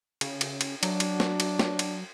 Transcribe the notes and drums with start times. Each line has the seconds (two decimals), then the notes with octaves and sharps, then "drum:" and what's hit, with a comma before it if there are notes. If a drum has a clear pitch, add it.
0.21 C#3, drum: cymbal
0.41 drum: cymbal
0.61 drum: cymbal
0.83 F#3 D4, drum: cymbal
1.00 drum: cymbal
1.20 drum: snare
1.40 drum: cymbal
1.59 drum: snare
1.79 drum: cymbal